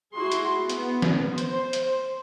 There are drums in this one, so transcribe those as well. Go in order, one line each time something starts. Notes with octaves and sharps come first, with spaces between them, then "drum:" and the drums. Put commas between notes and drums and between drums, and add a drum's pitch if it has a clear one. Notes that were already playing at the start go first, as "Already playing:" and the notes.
E4 F#4 G#4 C6
drum: hi-hat
B3, drum: hi-hat
drum: snare
C5, drum: hi-hat
drum: hi-hat